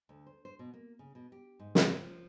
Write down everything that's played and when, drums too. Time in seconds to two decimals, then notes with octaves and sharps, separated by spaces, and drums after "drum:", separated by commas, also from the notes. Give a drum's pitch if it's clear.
0.09 D2
0.26 C5
0.45 C5
0.59 B2
0.74 A#3
0.99 C#3
1.15 B2
1.32 G4
1.59 G#2
1.75 drum: snare
1.99 F3